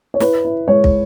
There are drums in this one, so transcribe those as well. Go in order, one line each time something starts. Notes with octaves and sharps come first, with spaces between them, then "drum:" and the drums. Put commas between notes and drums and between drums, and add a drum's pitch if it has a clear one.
C#5
E4 B4, drum: snare
E4
G#3 C#5
drum: kick